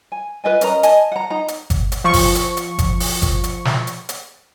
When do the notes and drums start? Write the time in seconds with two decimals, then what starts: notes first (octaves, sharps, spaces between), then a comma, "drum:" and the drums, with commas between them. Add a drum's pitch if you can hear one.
0.12 G#5
0.44 F4 B4 D#5 G#5
0.61 C#4 A#4 D#5 A#5, drum: hi-hat
0.83 D#5 G#5 A5, drum: hi-hat
1.12 F#5 A#5
1.30 D#4 A#5
1.48 drum: hi-hat
1.70 drum: kick G1, hi-hat
1.92 drum: hi-hat
2.04 F3 C#6
2.13 drum: kick G1, open hi-hat
2.35 drum: hi-hat
2.57 drum: hi-hat
2.79 drum: kick G1, hi-hat
3.00 drum: open hi-hat
3.22 drum: kick G1, hi-hat
3.44 drum: hi-hat
3.65 drum: snare
3.87 drum: hi-hat
4.09 drum: hi-hat